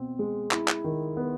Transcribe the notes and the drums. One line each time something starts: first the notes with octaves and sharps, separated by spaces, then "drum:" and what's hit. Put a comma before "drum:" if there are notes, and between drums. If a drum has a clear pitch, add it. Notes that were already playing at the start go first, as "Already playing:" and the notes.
Already playing: B2 C4
G#3
E4, drum: clap
drum: clap
D#3
B3